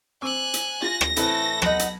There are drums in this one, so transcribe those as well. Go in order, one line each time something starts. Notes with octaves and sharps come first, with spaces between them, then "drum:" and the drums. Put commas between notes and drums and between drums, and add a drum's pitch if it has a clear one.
C4 G#5 D6 E6 F#6
drum: hi-hat
F4 A#6
drum: rim click
A2 D#3 E3 C4 E4 A4 B4, drum: hi-hat
B1 D#4 F#5 B5, drum: rim click
drum: hi-hat